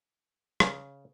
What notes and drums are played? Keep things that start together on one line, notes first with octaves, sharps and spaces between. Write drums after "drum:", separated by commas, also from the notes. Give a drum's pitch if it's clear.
C#3, drum: rim click